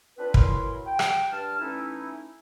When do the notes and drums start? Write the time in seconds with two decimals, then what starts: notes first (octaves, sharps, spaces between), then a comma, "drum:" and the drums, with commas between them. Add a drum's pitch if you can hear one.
0.18 C4 D4 F4 B4
0.34 E3 F#3 E4 A#4 B5 C6, drum: kick
0.87 G5
0.99 drum: rim click
1.32 G2 A5 F6
1.60 E3 A3 C#4 D#4 E4